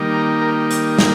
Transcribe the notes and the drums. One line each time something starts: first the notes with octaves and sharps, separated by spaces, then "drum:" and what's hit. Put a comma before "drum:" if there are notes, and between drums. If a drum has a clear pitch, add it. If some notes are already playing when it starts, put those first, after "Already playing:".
Already playing: D#3 G3 A#3 D#4
A#5
A#4
drum: hi-hat
F5, drum: snare